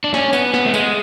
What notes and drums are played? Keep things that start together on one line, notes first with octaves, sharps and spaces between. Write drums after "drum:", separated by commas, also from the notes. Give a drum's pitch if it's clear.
D4
C#4, drum: snare
B3, drum: tambourine
B3, drum: snare
A3
G#3, drum: tambourine